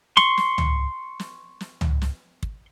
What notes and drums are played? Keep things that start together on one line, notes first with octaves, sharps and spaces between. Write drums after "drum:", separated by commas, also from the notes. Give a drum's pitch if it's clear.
C6 C#6, drum: snare
drum: snare
drum: tom C#2
drum: snare
drum: snare
drum: tom C#2
drum: snare
drum: kick